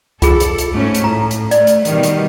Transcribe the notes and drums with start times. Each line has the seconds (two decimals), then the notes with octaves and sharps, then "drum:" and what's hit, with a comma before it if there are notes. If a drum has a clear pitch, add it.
0.22 F4 G#4 A4, drum: kick C2, hi-hat
0.40 drum: hi-hat
0.58 drum: hi-hat
0.73 G#2 A3 C#4
0.95 drum: hi-hat
1.04 A2 A#5
1.31 drum: hi-hat
1.51 A3 D5, drum: hi-hat
1.67 drum: hi-hat
1.85 B2 D#3 G3, drum: hi-hat
2.03 drum: hi-hat